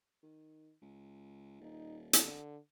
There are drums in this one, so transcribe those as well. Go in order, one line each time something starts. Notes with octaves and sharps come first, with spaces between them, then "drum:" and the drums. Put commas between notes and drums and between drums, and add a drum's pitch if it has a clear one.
D#3
C#2
D#1 D#4
D3, drum: hi-hat